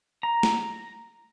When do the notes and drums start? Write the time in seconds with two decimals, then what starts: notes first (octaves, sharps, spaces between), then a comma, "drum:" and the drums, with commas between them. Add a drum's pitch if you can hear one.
0.23 A#5
0.43 drum: snare